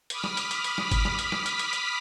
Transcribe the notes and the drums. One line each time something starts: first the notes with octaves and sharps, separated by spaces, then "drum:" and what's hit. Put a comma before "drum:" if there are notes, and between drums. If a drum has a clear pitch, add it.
B5 D6 D#6 F6 B6, drum: hi-hat
drum: snare
drum: hi-hat
drum: hi-hat
drum: hi-hat
drum: snare
drum: kick G1, hi-hat
drum: snare
drum: hi-hat
drum: snare
drum: hi-hat
drum: hi-hat
drum: hi-hat